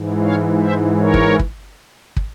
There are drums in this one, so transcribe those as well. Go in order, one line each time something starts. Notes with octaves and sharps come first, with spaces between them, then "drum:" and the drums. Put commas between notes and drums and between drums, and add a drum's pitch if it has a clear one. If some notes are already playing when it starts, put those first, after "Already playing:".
Already playing: G#2 E3
C#5 F5
C5 E5
A#4 C#5
drum: kick
drum: kick
drum: kick